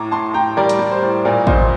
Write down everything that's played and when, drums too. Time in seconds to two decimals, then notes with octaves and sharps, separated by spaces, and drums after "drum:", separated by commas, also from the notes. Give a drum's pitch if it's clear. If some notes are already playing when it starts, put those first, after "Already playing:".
Already playing: A2 A#5 D6
0.11 A2 A5 C6
0.34 A2 G5 A#5
0.57 G3 A#4 D5
0.69 drum: hi-hat
0.79 G3
0.92 C5
1.02 A2
1.25 A#2 A#4 D5
1.47 A#2 C5 D#5, drum: kick A1